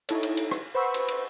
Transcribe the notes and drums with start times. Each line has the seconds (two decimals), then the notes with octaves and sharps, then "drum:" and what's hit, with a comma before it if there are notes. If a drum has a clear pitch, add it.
0.09 D#4 E4 A4 C#5, drum: cymbal
0.23 drum: cymbal
0.37 drum: cymbal
0.51 drum: rim click
0.74 B4 C5 F#5 B5 C#6 E6
0.94 drum: cymbal
1.08 drum: cymbal